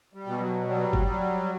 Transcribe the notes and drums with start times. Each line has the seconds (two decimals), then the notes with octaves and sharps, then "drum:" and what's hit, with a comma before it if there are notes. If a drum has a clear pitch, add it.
0.14 G3
0.27 B2
0.40 F#3
0.66 F#3 G3
0.93 drum: kick F#1
1.07 F#3